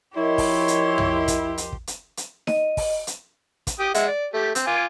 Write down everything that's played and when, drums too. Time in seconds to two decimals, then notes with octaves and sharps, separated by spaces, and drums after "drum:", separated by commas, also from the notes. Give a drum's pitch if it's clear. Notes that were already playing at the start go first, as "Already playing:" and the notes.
0.17 F3 E4 G4 A#4 C#5 D#5 C6
0.38 drum: kick, open hi-hat
0.68 drum: hi-hat
0.98 drum: tom
1.28 drum: kick, hi-hat
1.58 drum: hi-hat
1.73 drum: kick
1.87 drum: hi-hat
2.17 drum: hi-hat
2.47 D#5, drum: snare D#4
2.77 drum: kick, open hi-hat
3.07 drum: hi-hat
3.67 drum: kick, hi-hat
3.79 G4 G5 D#6
3.94 G#3 E5 F#5, drum: hi-hat
4.07 D5
4.34 A3 G4
4.55 C4, drum: hi-hat
4.67 F4 G#5 D6